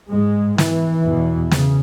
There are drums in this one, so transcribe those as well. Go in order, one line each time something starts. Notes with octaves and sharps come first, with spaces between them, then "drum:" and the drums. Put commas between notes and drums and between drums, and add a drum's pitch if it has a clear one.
G#2 G#3
E3, drum: snare
E2 B2
C#3, drum: snare